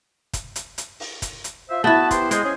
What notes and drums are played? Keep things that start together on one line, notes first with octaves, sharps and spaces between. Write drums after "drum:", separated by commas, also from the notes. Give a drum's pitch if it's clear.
drum: kick, hi-hat
drum: hi-hat
drum: hi-hat
drum: open hi-hat
drum: kick, hi-hat
drum: hi-hat
F4 C5 E5
B3 E4 F#4 E5 A5
G4 B4 C5, drum: kick, hi-hat
G#3 C5, drum: hi-hat
C#4 G#4